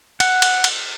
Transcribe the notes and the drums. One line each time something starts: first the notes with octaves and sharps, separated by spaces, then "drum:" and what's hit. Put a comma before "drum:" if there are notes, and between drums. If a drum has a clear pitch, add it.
F#5, drum: cymbal
drum: cymbal
drum: cymbal